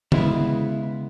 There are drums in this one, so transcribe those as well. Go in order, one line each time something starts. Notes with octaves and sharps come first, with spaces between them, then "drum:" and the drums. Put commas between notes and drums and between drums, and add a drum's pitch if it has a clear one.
C#3 G#3 B3 E4, drum: tom D3